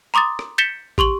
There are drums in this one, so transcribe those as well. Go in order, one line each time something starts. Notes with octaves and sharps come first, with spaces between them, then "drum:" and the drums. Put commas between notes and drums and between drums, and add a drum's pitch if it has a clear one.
A#5 C6 D6 D#6 A6
drum: rim click
G6 A6 B6 C#7 E7 G7
G4 C6 C#6 F#7, drum: kick